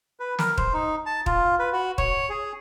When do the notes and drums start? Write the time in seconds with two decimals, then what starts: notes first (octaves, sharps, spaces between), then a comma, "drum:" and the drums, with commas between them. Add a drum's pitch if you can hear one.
0.20 B4
0.39 A#4, drum: snare
0.58 C5, drum: kick
0.74 D#4
1.06 A5
1.26 F4, drum: kick
1.59 B4
1.73 F#4
1.98 C#5, drum: kick
2.29 G#4